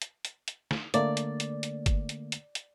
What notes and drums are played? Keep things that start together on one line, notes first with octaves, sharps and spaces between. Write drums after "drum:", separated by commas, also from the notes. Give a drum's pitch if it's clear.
drum: hi-hat
drum: hi-hat
drum: hi-hat
drum: snare
D3 A3 A#3 D5, drum: hi-hat
drum: hi-hat
drum: hi-hat
drum: hi-hat
drum: kick G1, hi-hat
drum: hi-hat
drum: hi-hat
drum: hi-hat